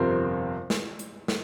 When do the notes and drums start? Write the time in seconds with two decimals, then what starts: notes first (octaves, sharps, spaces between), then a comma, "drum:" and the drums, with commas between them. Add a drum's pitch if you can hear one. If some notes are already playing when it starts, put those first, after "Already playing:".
Already playing: G1 F2 C3 F3 C4 A#4
0.70 drum: snare
0.99 drum: hi-hat
1.28 drum: snare